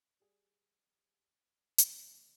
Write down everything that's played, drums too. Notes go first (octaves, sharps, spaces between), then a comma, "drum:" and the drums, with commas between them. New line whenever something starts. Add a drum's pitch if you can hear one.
G3 G#4
F#1 C3 E3 A#3 G#4 D5 B5, drum: hi-hat